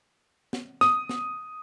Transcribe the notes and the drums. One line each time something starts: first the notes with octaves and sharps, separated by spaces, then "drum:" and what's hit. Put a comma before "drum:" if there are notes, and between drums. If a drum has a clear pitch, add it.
drum: snare
D#6, drum: snare
drum: snare